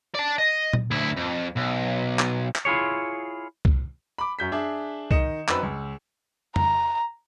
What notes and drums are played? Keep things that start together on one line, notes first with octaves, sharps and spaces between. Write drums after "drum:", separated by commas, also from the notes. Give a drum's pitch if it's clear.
D5 A5
D#5
drum: tom A#2
D2 E4
F2
B1
drum: clap
drum: clap
E4 F4 G#4 C#5
drum: kick C2
B5 D6
F#2 G6 B6
D4 G#4 E5
D#3 D#5 C#7 E7, drum: kick C2
F#2 C4 D#4 B4 B5 E6, drum: clap
C#2
A#5, drum: tom